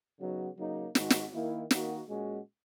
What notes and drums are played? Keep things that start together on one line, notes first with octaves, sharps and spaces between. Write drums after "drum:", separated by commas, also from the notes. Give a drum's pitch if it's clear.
C#3 F#3 B3 D#4 F#4
C#3 F#3 A#3 D#4
G#2 D#3 G#3 D#4 F#4, drum: snare
drum: snare
D#3 A#3 E4
D#3 A#3 D#4 F#4, drum: snare
A#2 G#3 C#4 F#4